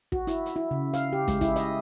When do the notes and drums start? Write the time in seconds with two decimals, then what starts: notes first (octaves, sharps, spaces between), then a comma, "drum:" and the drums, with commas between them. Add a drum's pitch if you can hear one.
0.12 F#4, drum: kick
0.27 E4, drum: hi-hat
0.46 drum: hi-hat
0.56 E4
0.71 C#3
0.94 F5, drum: hi-hat
1.13 G4
1.28 G#3, drum: kick, hi-hat
1.41 E4, drum: kick, hi-hat
1.56 D#5, drum: hi-hat